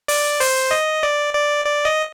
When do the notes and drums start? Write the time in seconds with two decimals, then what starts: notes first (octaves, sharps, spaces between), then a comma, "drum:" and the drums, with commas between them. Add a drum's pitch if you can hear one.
0.08 D5, drum: open hi-hat
0.40 C5, drum: open hi-hat
0.71 D#5
1.03 D5
1.33 D5
1.65 D5
1.85 D#5